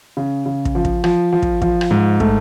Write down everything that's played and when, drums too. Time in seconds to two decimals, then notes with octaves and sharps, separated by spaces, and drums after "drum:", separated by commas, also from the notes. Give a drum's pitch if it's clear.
0.17 C#3
0.46 C#3
0.65 drum: kick
0.75 F3
0.85 drum: kick
1.04 F3, drum: rim click
1.33 F3
1.42 drum: kick
1.62 F3, drum: kick
1.81 drum: rim click
1.91 G#2
2.20 A3, drum: kick